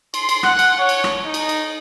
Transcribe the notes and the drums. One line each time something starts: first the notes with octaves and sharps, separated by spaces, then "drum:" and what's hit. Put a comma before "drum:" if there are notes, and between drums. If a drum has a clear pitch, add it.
C6, drum: cymbal
drum: cymbal
F#5, drum: rim click
drum: cymbal
C#5
drum: cymbal
drum: rim click
D#4
drum: cymbal
drum: cymbal